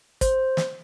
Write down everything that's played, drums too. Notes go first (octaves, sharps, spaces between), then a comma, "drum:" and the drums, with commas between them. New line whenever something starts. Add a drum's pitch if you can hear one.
C5, drum: kick, hi-hat
drum: snare